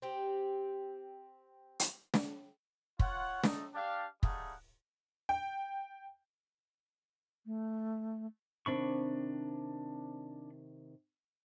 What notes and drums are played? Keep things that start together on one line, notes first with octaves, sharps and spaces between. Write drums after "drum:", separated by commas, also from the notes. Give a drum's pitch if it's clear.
C4 G4
drum: hi-hat
drum: snare
F4 C#5 F#5, drum: kick
A3 D#4 A4, drum: snare
D4 G4 F5
G3 A3 D#4 G#4 F5 F#5, drum: kick
G5
A3
C3 D#3 C4 D4 B5 C#6